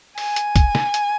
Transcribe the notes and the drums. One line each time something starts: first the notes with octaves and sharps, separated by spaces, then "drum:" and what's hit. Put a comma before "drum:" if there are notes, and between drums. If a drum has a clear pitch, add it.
G#5, drum: open hi-hat
drum: hi-hat
drum: kick, hi-hat
drum: snare
drum: hi-hat